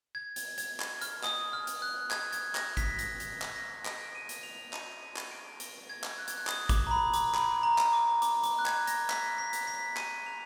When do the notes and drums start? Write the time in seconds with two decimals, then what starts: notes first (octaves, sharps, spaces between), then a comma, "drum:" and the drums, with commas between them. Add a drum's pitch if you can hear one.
0.15 G#6
0.36 drum: hi-hat
0.58 G#6, drum: hi-hat
0.80 drum: clap
1.01 F6, drum: hi-hat
1.24 D#6, drum: clap
1.53 F6
1.67 drum: hi-hat
1.82 F#6
2.11 G#6, drum: clap
2.33 G#6, drum: hi-hat
2.55 A#6, drum: clap
2.77 B6, drum: kick, hi-hat
2.99 A#6, drum: hi-hat
3.20 drum: hi-hat
3.42 drum: clap
3.56 A#6
3.85 D7, drum: clap
4.15 D#7
4.29 drum: hi-hat
4.43 F7
4.73 D#7, drum: clap
5.02 D#7
5.16 drum: clap
5.31 D7
5.60 A#6, drum: hi-hat
5.90 G#6
6.04 drum: clap
6.18 F#6
6.28 G#6, drum: hi-hat
6.37 F#6
6.47 D#6, drum: clap
6.69 D6, drum: kick, hi-hat
6.87 A#5
6.91 B5
7.14 D6, drum: hi-hat
7.35 B5, drum: clap
7.63 A#5
7.78 drum: clap
7.93 D6
8.22 D6, drum: hi-hat
8.43 D6, drum: hi-hat
8.59 F#6
8.66 G#6, drum: clap
8.87 A#6, drum: hi-hat
9.10 B6, drum: clap
9.38 B6
9.53 drum: hi-hat
9.67 B6
9.97 D#7, drum: clap
10.26 F7